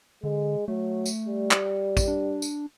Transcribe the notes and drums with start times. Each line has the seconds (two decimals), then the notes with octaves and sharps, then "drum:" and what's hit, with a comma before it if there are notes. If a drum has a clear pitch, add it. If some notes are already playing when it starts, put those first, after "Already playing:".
0.23 D3 G#3
0.68 F#3 A3
1.06 drum: tambourine
1.28 G3
1.51 drum: clap
1.97 drum: kick, tambourine
2.08 D4
2.42 drum: tambourine